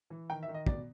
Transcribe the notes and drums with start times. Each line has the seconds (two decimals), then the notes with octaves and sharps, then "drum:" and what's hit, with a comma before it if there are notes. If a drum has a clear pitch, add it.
0.10 E3
0.30 D#3 G5
0.43 E5
0.48 D#3
0.54 D#5
0.66 B2 D5, drum: kick